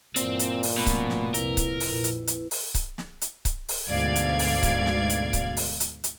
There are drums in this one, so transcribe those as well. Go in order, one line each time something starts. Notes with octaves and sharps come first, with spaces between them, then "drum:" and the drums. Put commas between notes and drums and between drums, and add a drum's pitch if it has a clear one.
G1 A#2 E3 C4 D5, drum: hi-hat
drum: hi-hat
drum: open hi-hat
G#1 B2 F3 A3 C#4 B5
drum: kick C#1, hi-hat
drum: snare
C2 F2 C3 E4 A#4 B4, drum: hi-hat
drum: kick C#1, hi-hat
A#1 F2, drum: open hi-hat
drum: hi-hat
drum: hi-hat
drum: open hi-hat
drum: kick C#1, hi-hat
drum: snare
drum: hi-hat
drum: kick C#1, hi-hat
drum: open hi-hat
D2 G#2 B2 D5 F5 G#6
drum: hi-hat
drum: open hi-hat
drum: kick C#1, hi-hat
drum: snare
drum: hi-hat
drum: kick C#1, hi-hat
drum: open hi-hat
drum: hi-hat
drum: hi-hat